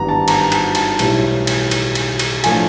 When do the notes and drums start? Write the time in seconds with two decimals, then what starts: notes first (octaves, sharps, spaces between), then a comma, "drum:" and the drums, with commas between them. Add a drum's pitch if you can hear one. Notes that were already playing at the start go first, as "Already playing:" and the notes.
Already playing: G#1 G2 E3 G3 B3 A#5
0.09 A5
0.28 A#5, drum: cymbal
0.52 A5, drum: cymbal
0.75 A5, drum: cymbal
0.99 B1 A2 E3 G3, drum: cymbal
1.47 drum: cymbal
1.71 drum: cymbal
1.95 drum: cymbal
2.19 drum: cymbal
2.44 A2 F3 A3 D4 G#5, drum: cymbal